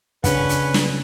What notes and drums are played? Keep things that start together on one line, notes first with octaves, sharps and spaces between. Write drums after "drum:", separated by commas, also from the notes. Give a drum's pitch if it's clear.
C#3 C#4 D4 B4 F#5, drum: kick, hi-hat
drum: hi-hat
drum: snare